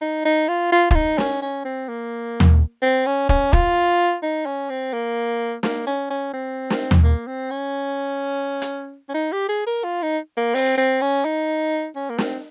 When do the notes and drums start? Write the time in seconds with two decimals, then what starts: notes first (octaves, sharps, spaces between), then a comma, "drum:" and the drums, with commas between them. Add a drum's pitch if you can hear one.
0.02 D#4
0.25 D#4
0.48 F4
0.72 F4
0.91 F4, drum: kick
0.95 D#4
1.18 C#4, drum: snare
1.42 C#4
1.65 C4
1.89 A#3
2.40 drum: tom D#2
2.82 C4
3.06 C#4
3.29 C#4, drum: kick
3.53 F4, drum: kick
4.23 D#4
4.46 C#4
4.70 C4
4.93 A#3
5.63 A#3, drum: snare
5.87 C#4
6.10 C#4
6.34 C4
6.70 drum: snare
6.91 drum: tom D#2
7.04 A#3
7.27 C4
7.51 C#4
8.62 drum: hi-hat
9.09 C#4
9.14 D#4
9.32 G4
9.49 G#4
9.67 A#4
9.84 F4
10.02 D#4
10.37 A#3
10.55 C4, drum: open hi-hat
10.78 C4
11.02 C#4
11.25 D#4
11.96 C#4
12.10 A#3
12.18 C4, drum: snare